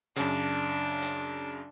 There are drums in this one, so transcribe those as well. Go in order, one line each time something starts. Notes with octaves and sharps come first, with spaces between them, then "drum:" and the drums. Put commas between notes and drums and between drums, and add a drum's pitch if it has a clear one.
F#2 C#3 D4, drum: hi-hat
drum: hi-hat